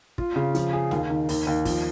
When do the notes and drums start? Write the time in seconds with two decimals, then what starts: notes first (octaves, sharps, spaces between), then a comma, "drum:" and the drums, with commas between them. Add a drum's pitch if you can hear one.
0.18 F4, drum: kick
0.36 C#3
0.55 F3, drum: hi-hat
0.73 G#4
0.91 D#2, drum: snare
1.10 D#3
1.29 D#2, drum: open hi-hat
1.47 D#2
1.65 F3, drum: kick, open hi-hat